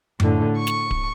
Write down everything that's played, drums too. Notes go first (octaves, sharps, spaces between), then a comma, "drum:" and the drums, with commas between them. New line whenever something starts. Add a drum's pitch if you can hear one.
A2 D3, drum: tom F#2
C#6
drum: snare
drum: kick D1